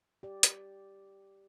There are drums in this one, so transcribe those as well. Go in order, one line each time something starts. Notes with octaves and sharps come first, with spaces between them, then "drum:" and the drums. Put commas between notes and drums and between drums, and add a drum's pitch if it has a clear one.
G4 D5
drum: hi-hat